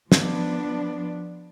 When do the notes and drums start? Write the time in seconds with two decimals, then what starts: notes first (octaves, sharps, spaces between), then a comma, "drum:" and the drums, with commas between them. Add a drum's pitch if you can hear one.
0.12 F3 B3 D4, drum: snare